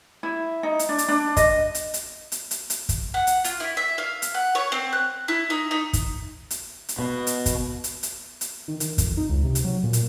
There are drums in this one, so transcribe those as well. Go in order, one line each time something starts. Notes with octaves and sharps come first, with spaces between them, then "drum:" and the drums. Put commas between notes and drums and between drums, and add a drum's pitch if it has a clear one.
E4
D#4
drum: hi-hat
D4
drum: hi-hat
D4
D#5, drum: kick, hi-hat
drum: hi-hat
drum: hi-hat
drum: hi-hat
drum: hi-hat
drum: hi-hat
drum: kick, hi-hat
F#5
drum: hi-hat
F4, drum: hi-hat
E4
E5
F5
drum: hi-hat
F#5
C#5
C4
F#6
E4
D#4
D#4
drum: kick, hi-hat
drum: hi-hat
drum: hi-hat
B2
drum: hi-hat
drum: kick, hi-hat
drum: hi-hat
drum: hi-hat
drum: hi-hat
D#3
D#3, drum: hi-hat
F2, drum: kick, hi-hat
D#4
C#2
C3
drum: hi-hat
F#3
A#2
drum: hi-hat